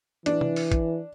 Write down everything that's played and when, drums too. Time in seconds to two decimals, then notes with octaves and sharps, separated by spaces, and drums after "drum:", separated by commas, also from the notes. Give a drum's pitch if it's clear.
0.26 E3 D4, drum: hi-hat
0.41 drum: tom
0.56 drum: open hi-hat
0.72 drum: kick, hi-hat